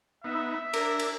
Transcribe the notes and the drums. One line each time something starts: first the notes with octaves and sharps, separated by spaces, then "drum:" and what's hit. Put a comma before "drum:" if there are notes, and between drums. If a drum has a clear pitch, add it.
B3 D#4 E5
D4 A#4, drum: cymbal
drum: cymbal